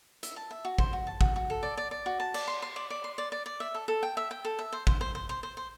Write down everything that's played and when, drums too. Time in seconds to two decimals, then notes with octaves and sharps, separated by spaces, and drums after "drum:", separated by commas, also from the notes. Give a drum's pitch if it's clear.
0.23 E5, drum: hi-hat
0.36 A5
0.51 E5
0.65 F#4
0.78 C5, drum: kick
0.93 F#4
1.07 A5
1.21 F#4, drum: kick
1.36 F#4
1.50 A4
1.63 D5
1.77 D5
1.91 D5
2.06 F#4
2.20 A5
2.34 D5, drum: cymbal
2.47 C6
2.62 C6
2.76 D5
2.90 D5
3.04 C6
3.18 D5
3.32 D5
3.46 D5
3.60 E5
3.75 A4
3.88 A4
4.03 G5
4.17 E5
4.31 G5
4.45 A4
4.59 E5
4.73 C5
4.87 C5, drum: kick
5.01 C5
5.15 C5
5.29 C5
5.43 C5
5.57 C5